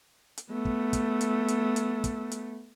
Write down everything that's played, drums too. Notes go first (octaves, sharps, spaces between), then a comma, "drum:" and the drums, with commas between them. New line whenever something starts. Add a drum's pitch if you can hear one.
drum: hi-hat
A3 B3
drum: kick
drum: kick, hi-hat
drum: hi-hat
drum: hi-hat
drum: hi-hat
drum: kick, hi-hat
drum: hi-hat